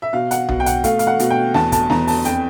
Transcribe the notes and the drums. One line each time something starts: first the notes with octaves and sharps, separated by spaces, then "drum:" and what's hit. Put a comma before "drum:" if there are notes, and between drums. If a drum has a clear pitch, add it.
E5
B2 F5
F#5, drum: hi-hat
B2, drum: tom B1
G5
F#5, drum: hi-hat
A3 F5, drum: kick, hi-hat
F5, drum: hi-hat
F#5
B2, drum: hi-hat
G5
E2 A5, drum: snare
A5, drum: kick, hi-hat
E2 A#5, drum: snare
A5, drum: open hi-hat
F2 G5, drum: hi-hat